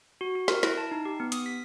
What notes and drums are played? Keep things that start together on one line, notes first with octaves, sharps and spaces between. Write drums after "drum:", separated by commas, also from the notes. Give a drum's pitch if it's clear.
F#4
F#4
A#4, drum: snare
E4, drum: snare
A5
D#4
G4
B3
D#6, drum: hi-hat
B6